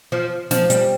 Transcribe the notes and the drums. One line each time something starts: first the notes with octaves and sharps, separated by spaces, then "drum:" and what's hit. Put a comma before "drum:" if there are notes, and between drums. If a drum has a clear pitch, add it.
F3
F3, drum: snare
G3, drum: hi-hat